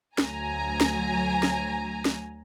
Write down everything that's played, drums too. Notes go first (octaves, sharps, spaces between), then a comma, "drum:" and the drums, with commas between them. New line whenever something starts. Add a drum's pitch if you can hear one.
D2 F#3 G#5 A#5, drum: snare
drum: snare
drum: snare
drum: snare